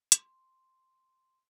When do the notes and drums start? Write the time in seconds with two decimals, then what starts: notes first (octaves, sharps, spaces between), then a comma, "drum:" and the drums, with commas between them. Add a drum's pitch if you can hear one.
0.12 C6, drum: hi-hat